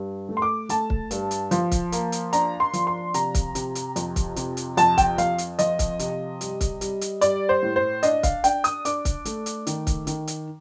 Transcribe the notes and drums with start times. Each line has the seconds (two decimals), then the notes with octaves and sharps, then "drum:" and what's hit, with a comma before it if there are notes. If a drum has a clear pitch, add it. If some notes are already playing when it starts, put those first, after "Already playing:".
Already playing: G2
0.29 A3
0.37 C6
0.42 D6
0.69 A3 A5, drum: hi-hat
0.90 drum: kick
1.11 G2, drum: hi-hat
1.31 drum: hi-hat
1.51 F3, drum: hi-hat
1.72 drum: kick, hi-hat
1.92 A#3, drum: hi-hat
2.12 drum: hi-hat
2.33 D4 A#5, drum: hi-hat
2.60 C6
2.73 F3, drum: hi-hat
2.87 C6
3.14 C3 A#5, drum: hi-hat
3.35 drum: kick, hi-hat
3.55 C3, drum: hi-hat
3.75 drum: hi-hat
3.96 F2, drum: hi-hat
4.16 drum: kick, hi-hat
4.36 C3, drum: hi-hat
4.57 drum: hi-hat
4.77 F2 A5, drum: hi-hat
4.98 G5, drum: kick, hi-hat
5.18 F2 F5, drum: hi-hat
5.38 drum: hi-hat
5.59 F3 D#5, drum: hi-hat
5.79 drum: kick, hi-hat
5.99 C3, drum: hi-hat
6.41 G3, drum: hi-hat
6.61 drum: kick, hi-hat
6.81 G3, drum: hi-hat
7.01 drum: hi-hat
7.21 G3 D5, drum: hi-hat
7.49 C5
7.63 A2
7.76 C5
8.03 D4 D#5, drum: hi-hat
8.23 F5, drum: kick, hi-hat
8.44 D4 G5, drum: hi-hat
8.64 D#6, drum: hi-hat
8.85 D4 D6, drum: hi-hat
9.05 drum: kick, hi-hat
9.25 A3, drum: hi-hat
9.46 drum: hi-hat
9.67 D#3, drum: hi-hat
9.87 drum: kick, hi-hat
10.07 D#3, drum: hi-hat
10.27 drum: hi-hat